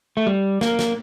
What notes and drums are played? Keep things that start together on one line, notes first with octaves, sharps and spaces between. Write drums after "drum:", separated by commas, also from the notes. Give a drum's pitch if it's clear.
A3
G3
A#3, drum: snare
drum: snare